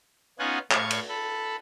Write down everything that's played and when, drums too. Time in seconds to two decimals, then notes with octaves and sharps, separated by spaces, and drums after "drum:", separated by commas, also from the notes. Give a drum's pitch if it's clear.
0.39 B3 C#4 D#4 F4 F#5 G#5
0.71 A2 F5 C#6 G#6, drum: clap
0.90 drum: cymbal
1.09 A4 B5